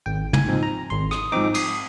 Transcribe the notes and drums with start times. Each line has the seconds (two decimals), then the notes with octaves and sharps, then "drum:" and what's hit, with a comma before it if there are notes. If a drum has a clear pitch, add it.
0.06 G#1 G5
0.33 G#5, drum: tom
0.48 G#2 F3 C4 D#4
0.63 A#5
0.90 G#1 C6
1.11 D#6, drum: rim click
1.32 G#2 F3 C4 D#4 D6
1.54 D#6, drum: cymbal